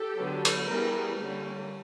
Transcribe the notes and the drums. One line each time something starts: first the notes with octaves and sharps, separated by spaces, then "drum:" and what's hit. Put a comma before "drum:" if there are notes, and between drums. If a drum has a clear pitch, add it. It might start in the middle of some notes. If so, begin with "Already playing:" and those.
Already playing: G4 A4
D3 F#3 B3 D4
drum: cymbal
E3 G3 B3 D4 G#4 A#4
D3 G3 A#3 C#4